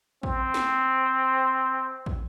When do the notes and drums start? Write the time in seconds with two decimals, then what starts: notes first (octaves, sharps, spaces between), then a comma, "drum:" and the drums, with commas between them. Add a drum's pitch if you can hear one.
0.23 C4, drum: kick
0.54 drum: snare
2.06 drum: kick